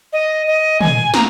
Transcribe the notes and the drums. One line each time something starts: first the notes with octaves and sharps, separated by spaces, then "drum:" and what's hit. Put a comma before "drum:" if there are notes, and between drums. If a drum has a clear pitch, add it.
D#5
D#5
G#5, drum: tom
A#5, drum: snare